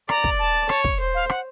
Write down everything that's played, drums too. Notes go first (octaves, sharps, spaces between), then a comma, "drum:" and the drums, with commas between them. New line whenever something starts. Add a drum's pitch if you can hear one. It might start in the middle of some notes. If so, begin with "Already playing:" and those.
D5 A#5, drum: rim click
drum: kick
A5
C#5, drum: rim click
drum: kick
C5
F5
F#5, drum: rim click